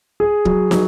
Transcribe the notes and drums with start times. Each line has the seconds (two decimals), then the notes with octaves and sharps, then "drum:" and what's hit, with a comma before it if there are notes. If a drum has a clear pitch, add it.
0.20 G#4
0.45 F#3, drum: kick
0.71 F#3, drum: snare